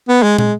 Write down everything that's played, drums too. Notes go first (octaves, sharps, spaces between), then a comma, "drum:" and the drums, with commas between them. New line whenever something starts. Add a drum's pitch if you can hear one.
B3
G#3
G#3, drum: tom